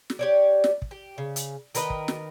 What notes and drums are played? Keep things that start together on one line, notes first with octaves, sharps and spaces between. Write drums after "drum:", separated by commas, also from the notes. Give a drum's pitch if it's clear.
drum: snare
G4 C#5 D5
drum: snare
drum: kick
G4
C#3
drum: hi-hat
D#3 A#4 B4 D#5, drum: hi-hat
drum: kick
drum: snare